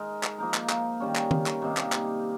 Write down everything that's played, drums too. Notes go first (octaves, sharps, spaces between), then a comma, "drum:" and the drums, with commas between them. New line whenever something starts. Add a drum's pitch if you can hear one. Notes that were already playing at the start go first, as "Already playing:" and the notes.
Already playing: G#3 D#4 A#4
drum: clap
F3 A#3 D#4 A#4
drum: clap
drum: clap
D#3 G3 C#4
drum: clap
drum: tom
drum: clap
C3 D#3 A#3 D#4
drum: clap
drum: clap